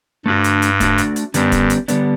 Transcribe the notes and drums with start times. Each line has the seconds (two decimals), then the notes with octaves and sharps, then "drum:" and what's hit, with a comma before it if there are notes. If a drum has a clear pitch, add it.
0.26 G2 A3 D4 F#4
0.44 drum: hi-hat
0.62 drum: hi-hat
0.80 A3 D4 F#4, drum: kick, hi-hat
0.98 drum: hi-hat
1.16 drum: hi-hat
1.34 F#2 D3 G3 B3 D4, drum: hi-hat
1.52 drum: kick, hi-hat
1.70 drum: hi-hat
1.88 D3 G3 B3 D4, drum: hi-hat